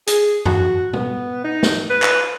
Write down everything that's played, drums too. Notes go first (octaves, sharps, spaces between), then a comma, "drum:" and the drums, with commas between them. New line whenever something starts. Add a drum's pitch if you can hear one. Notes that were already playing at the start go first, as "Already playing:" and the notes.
G#4, drum: hi-hat
F#4, drum: tom F#2
B3, drum: tom B2
D#4
drum: snare
B4
drum: clap